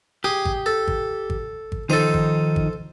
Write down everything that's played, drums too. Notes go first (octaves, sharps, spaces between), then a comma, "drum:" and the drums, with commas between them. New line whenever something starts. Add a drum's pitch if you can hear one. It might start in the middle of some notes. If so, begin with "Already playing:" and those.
G4 G#4
drum: kick G#1
A4
drum: kick G#1
drum: kick G#1
drum: kick G#1
D#3 F3 D#4 A4 C5
drum: kick G#1
drum: kick G#1